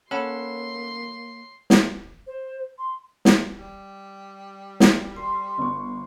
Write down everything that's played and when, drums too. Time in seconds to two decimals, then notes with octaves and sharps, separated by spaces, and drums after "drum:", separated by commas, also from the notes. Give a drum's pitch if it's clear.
0.11 A#3 C#4 A4 C#5 F#5 B5 C6
1.70 drum: snare
2.27 C5
2.78 C6
3.25 drum: snare
3.58 G3
4.80 drum: snare
5.16 C5
5.58 G1 C#6